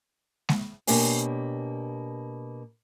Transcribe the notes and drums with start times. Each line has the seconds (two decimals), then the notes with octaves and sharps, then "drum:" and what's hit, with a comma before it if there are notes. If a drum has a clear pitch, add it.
0.49 drum: snare G#3
0.87 B2 A#3 D4 G4 C#5 G#5, drum: open hi-hat